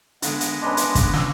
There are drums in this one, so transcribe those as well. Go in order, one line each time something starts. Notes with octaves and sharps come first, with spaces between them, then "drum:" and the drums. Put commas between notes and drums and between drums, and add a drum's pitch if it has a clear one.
D3 G#3 B3, drum: hi-hat
drum: hi-hat
C#4 D4 B4 D#5 C6
drum: hi-hat
drum: kick, hi-hat
drum: snare